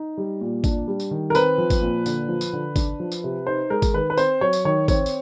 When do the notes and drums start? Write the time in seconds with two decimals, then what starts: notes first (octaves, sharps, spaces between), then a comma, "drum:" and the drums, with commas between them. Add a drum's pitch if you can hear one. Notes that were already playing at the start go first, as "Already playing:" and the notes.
Already playing: D#4
0.18 G3
0.41 A#2
0.64 D4, drum: kick G#1, tambourine
0.88 G3
1.00 drum: tambourine
1.11 D#3
1.30 A#4
1.35 C4 B4, drum: tambourine
1.58 F3
1.70 drum: kick G#1, tambourine
1.82 A#2
2.06 D3, drum: tambourine
2.29 F3
2.41 drum: tambourine
2.53 D3
2.76 D4, drum: kick G#1, tambourine
3.00 F3
3.12 drum: tambourine
3.24 C3
3.47 D#4 C5
3.70 G#3 A#4
3.82 drum: kick G#1, tambourine
3.94 D#3 B4
4.10 B4
4.17 C4 C5, drum: tambourine
4.41 F#3 C#5
4.53 drum: tambourine
4.65 D#3 C#5
4.88 C4 C#5, drum: kick G#1, tambourine
5.06 drum: tambourine